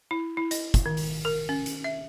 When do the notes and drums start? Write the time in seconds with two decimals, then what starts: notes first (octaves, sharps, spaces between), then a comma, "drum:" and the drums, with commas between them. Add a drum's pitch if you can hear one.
0.11 E4
0.37 E4
0.51 D#5, drum: hi-hat
0.74 drum: kick, hi-hat
0.86 D#3
0.97 drum: open hi-hat
1.25 A#4
1.49 C#4
1.66 drum: hi-hat
1.84 E5